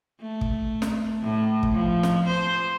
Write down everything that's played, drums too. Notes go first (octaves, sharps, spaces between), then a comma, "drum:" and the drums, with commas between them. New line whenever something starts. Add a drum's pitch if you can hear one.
A3
drum: kick
drum: snare
A2
drum: kick
F3
drum: snare
C5